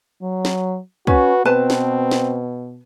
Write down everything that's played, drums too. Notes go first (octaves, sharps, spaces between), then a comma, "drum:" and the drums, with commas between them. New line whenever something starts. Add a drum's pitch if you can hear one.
F#3
drum: snare
C#4 F#4 B4, drum: kick
B2 C4 B4 A5
drum: snare
drum: snare